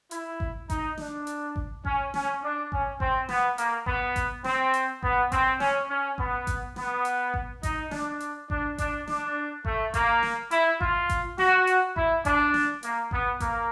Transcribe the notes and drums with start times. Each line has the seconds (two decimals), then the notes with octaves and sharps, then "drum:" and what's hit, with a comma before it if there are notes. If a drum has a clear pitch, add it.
0.11 E4, drum: hi-hat
0.40 drum: kick G#1
0.70 D#4, drum: kick G#1, hi-hat
0.98 D4, drum: snare
1.27 drum: hi-hat
1.56 drum: kick G#1
1.85 C#4, drum: kick G#1
2.14 C#4, drum: snare
2.42 D4
2.72 C#4, drum: kick G#1
3.00 C4, drum: kick G#1
3.29 B3, drum: snare
3.58 A#3, drum: hi-hat
3.86 B3, drum: kick G#1
4.16 drum: kick G#1, hi-hat
4.44 C4, drum: snare
4.74 drum: hi-hat
5.03 B3, drum: kick G#1
5.32 C4, drum: kick G#1, hi-hat
5.60 C#4, drum: snare
5.90 C#4
6.18 B3, drum: kick G#1
6.47 drum: kick G#1, hi-hat
6.76 B3, drum: snare
7.05 drum: hi-hat
7.34 drum: kick G#1
7.63 D#4, drum: kick G#1, hi-hat
7.91 D4, drum: snare
8.20 drum: hi-hat
8.50 D4, drum: kick G#1
8.78 D4, drum: kick G#1, hi-hat
9.07 D4, drum: snare
9.65 A3, drum: kick G#1
9.94 A#3, drum: kick G#1, hi-hat
10.23 drum: snare
10.51 E4, drum: hi-hat
10.81 F4, drum: kick G#1
11.09 drum: kick G#1, hi-hat
11.38 F#4, drum: snare
11.67 drum: hi-hat
11.96 E4, drum: kick G#1
12.25 D4, drum: kick G#1, hi-hat
12.54 drum: snare
12.83 A#3, drum: hi-hat
13.11 B3, drum: kick G#1
13.40 A#3, drum: kick G#1, hi-hat